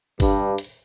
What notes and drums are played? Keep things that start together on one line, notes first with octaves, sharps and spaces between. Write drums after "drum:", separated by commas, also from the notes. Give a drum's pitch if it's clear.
G2, drum: kick G1, open hi-hat
drum: hi-hat